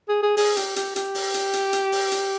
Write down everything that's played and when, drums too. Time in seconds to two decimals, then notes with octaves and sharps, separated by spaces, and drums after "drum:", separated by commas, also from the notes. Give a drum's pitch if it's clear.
0.09 G#4
0.23 G#4
0.37 G#4, drum: open hi-hat
0.57 G4, drum: hi-hat
0.76 G4, drum: hi-hat
0.96 G4, drum: hi-hat
1.15 drum: open hi-hat
1.34 drum: hi-hat
1.53 drum: hi-hat
1.73 drum: hi-hat
1.92 drum: open hi-hat
2.11 drum: hi-hat